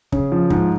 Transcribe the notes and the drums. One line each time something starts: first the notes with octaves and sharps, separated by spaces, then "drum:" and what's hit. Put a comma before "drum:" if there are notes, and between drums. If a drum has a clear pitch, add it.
C#3, drum: kick
F3
G#2, drum: kick